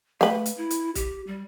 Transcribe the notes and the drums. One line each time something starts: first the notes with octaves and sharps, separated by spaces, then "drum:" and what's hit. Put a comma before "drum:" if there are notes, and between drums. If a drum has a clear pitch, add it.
A3 B4 F5, drum: snare
drum: hi-hat
E4
drum: hi-hat
G4, drum: kick, hi-hat
G3